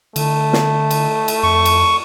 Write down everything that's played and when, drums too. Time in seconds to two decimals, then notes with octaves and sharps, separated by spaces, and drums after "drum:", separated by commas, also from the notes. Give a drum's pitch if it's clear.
0.16 D3 A3, drum: cymbal
0.53 drum: snare
0.91 drum: cymbal
1.28 drum: cymbal
1.43 F2 C#6
1.65 drum: cymbal